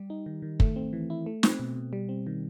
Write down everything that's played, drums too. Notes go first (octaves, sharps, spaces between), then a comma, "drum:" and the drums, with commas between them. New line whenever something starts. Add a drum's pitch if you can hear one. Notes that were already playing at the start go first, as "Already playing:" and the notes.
Already playing: G3 G4
D#4
D#3
D#3
A3, drum: kick
C4
E3
E4
A3
C4, drum: snare
B2
B2
G3
C4
D#3